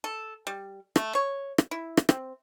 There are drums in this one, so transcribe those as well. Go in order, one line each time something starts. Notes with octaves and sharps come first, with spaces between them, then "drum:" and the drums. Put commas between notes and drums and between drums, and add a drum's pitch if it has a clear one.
A4
G3
A3, drum: rim click
C#5
drum: rim click
E4
drum: rim click
C4, drum: rim click